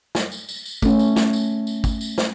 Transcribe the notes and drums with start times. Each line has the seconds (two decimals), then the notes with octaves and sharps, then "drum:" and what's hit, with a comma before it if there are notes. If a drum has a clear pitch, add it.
0.15 drum: snare
0.32 drum: tambourine
0.49 drum: tambourine
0.66 drum: tambourine
0.82 A3 C#4, drum: kick, tambourine
0.99 drum: tambourine
1.16 drum: snare
1.33 drum: tambourine
1.67 drum: tambourine
1.84 drum: kick, tambourine
2.01 drum: tambourine
2.18 drum: snare